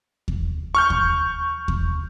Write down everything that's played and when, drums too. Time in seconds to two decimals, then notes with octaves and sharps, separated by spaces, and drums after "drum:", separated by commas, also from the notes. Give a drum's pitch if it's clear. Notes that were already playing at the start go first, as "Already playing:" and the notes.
0.28 drum: kick D#2
0.75 C#6 F6 G6
0.90 drum: kick D#2
1.68 drum: kick D#2